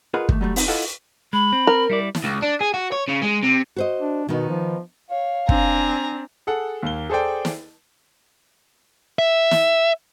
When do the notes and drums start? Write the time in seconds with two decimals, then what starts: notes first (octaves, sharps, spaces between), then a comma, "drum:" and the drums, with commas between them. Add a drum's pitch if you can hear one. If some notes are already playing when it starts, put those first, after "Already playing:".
0.14 F4 G#4 A#4 B4 D#5 F#5
0.29 D#2 A3, drum: kick
0.41 F#3 G3 A3
0.56 C4 D#4, drum: open hi-hat
0.68 E4 F4 A4 D#5 F5 F#5
1.33 G#3 B5
1.53 C4
1.67 A#4
1.90 G3 E4 D5
2.15 drum: snare
2.24 C#2
2.42 D4
2.61 G#4
2.74 F#4
2.92 C#5
3.09 C#3
3.23 G#3
3.44 C3
3.76 F#4 C5 D#5
3.99 D4
4.28 B2 D#3 B3 D#4
4.49 F3
5.10 C#5 F5
5.49 C4 D4 G#5 A#5, drum: kick
6.47 G#4 A4 F#5
6.83 D#2 A#3 G7
7.09 G#4 A4 C5 D5 G5
7.45 drum: snare
9.19 E5
9.51 drum: snare